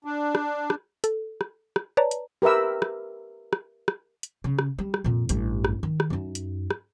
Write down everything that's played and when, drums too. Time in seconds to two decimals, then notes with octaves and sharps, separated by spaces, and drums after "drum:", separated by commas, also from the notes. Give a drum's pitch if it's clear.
0.05 D4
0.35 drum: rim click
0.70 drum: rim click
1.04 A4, drum: hi-hat
1.41 drum: rim click
1.76 drum: rim click
1.97 B4 C#5 D5 A5 A#5
2.11 drum: hi-hat
2.42 G4 A#4 B4 E5 E6
2.82 drum: rim click
3.53 drum: rim click
3.88 drum: rim click
4.23 drum: hi-hat
4.44 C#3
4.59 drum: rim click
4.78 G3
4.94 drum: rim click
5.04 F2 A#2
5.29 A1 G2, drum: hi-hat
5.65 drum: rim click
5.83 D#3
6.00 drum: rim click
6.10 F#2 D#4
6.35 drum: hi-hat
6.71 drum: rim click